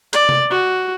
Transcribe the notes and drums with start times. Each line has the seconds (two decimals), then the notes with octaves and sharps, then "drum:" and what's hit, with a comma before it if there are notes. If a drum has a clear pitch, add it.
0.13 D5, drum: hi-hat
0.29 drum: tom C3
0.50 F#4